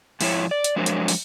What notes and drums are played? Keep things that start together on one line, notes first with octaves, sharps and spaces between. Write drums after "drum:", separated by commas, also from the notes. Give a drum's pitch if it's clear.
G#2 F3 E4 F4 C#5, drum: open hi-hat
D5
drum: hi-hat
F3 F#3 G#3 D4 A#4 C5
drum: hi-hat
drum: open hi-hat